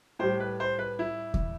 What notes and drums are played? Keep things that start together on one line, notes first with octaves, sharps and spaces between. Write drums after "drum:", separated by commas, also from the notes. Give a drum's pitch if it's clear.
A2 G3 C5
B4
C5
B4
E4
drum: kick D#2